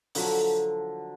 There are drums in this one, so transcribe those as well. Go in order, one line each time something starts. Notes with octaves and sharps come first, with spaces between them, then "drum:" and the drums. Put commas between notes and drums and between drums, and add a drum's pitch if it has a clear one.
D3 F3 F#3, drum: open hi-hat